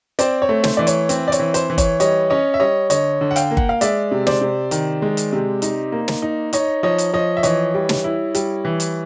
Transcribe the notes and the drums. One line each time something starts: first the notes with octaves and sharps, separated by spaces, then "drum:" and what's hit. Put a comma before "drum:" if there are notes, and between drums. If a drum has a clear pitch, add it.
C4 C5 D5, drum: hi-hat
C#5
A3
C5, drum: snare
E3 D5
C#5, drum: hi-hat
C4, drum: hi-hat
D5
C#5, drum: hi-hat
E3
C5, drum: hi-hat
E3
C#5, drum: kick G1, hi-hat
G3 C#5 D#5, drum: hi-hat
C#4 C#5 D#5
E5
G3 C#5 D#5
D3 C#5 D#5, drum: hi-hat
D3
F#5
F5 G5, drum: hi-hat
A#3
F#5, drum: kick G1
F5
G#3 D5 E5, drum: hi-hat
C3
C5 D5, drum: snare
C3
D#3, drum: hi-hat
G#3
drum: hi-hat
C3
D#4, drum: hi-hat
A#3
drum: snare
D#4
D#4 C#5 D#5, drum: hi-hat
F3 C#5 D#5
drum: hi-hat
F3 C#5 D#5
E5
E3 C#5 D#5, drum: hi-hat
G3
drum: snare
E4
G3, drum: hi-hat
E3
drum: hi-hat